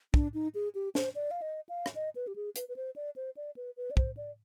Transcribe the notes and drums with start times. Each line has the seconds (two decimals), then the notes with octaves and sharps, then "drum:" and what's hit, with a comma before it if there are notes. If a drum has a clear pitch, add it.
0.14 D4, drum: kick
0.34 D#4
0.55 G#4
0.75 G4
0.95 C5, drum: snare
1.15 D5
1.31 F5
1.42 D#5
1.69 F5
1.86 drum: rim click
1.95 D#5
2.15 B4
2.27 G4
2.36 G#4
2.56 B4, drum: hi-hat
2.69 B4
2.76 C5
2.96 D5
3.16 C5
3.37 D5
3.56 B4
3.77 B4
3.91 D5
3.97 C5, drum: kick
4.17 D5